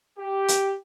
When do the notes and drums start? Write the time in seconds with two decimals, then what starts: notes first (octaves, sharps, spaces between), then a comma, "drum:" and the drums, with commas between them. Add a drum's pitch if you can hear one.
0.19 G4
0.48 drum: hi-hat